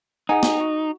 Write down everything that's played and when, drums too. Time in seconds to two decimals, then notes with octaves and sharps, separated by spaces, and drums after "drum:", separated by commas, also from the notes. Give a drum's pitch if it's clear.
0.29 D#4 G#4 F#5 G#5
0.43 drum: snare
0.60 F#4